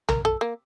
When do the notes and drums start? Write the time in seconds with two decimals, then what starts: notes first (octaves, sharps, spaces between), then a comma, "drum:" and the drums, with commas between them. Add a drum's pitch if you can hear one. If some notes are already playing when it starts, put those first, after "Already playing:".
0.09 A#4, drum: tom
0.25 A4
0.41 A#3